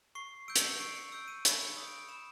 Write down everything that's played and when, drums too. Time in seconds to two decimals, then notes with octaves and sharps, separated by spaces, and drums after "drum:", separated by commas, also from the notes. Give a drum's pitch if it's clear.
0.15 C#6 C7
0.48 E6 G6 D7
0.56 C#7, drum: hi-hat
0.63 C7
0.70 C#7
0.80 C#6 D7
0.96 C#7
1.12 E6 G6 D7
1.28 D#7
1.45 B5, drum: hi-hat
1.66 C#7
1.77 D#6 G6
1.88 D7
2.09 B5 E7